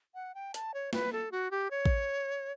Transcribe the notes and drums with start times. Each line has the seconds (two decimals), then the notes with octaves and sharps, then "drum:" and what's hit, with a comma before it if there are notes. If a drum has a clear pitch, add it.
0.14 F#5
0.35 G5
0.54 A5, drum: hi-hat
0.74 C#5
0.93 B4, drum: snare
1.12 A4
1.32 F#4
1.51 G4
1.71 C#5
1.86 drum: kick A1